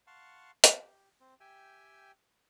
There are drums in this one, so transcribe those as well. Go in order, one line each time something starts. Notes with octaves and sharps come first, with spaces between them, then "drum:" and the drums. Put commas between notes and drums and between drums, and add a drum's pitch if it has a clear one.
F5 F#5 A5 C6 C#6
G4, drum: hi-hat
C4
G4 E5 G5 G#5